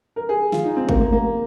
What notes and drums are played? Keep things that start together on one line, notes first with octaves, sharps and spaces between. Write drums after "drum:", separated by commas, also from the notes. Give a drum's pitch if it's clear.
A#4
G#4
F4, drum: snare
D#4
C4
A#3, drum: kick
A#3
A#3